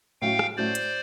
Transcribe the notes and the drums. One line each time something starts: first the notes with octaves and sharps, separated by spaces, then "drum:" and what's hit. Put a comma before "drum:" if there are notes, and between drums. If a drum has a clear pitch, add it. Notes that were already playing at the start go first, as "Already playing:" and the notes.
A2 F#3 A3 C#4 F#4 F5 G5
drum: rim click
A2 F#3 A3 C#4 F#4 C5 D5
drum: hi-hat